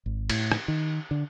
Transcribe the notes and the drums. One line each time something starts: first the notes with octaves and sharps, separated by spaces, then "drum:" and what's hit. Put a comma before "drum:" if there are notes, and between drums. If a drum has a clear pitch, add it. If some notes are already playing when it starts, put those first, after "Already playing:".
G#1
A2, drum: cymbal
drum: rim click
D#3
D3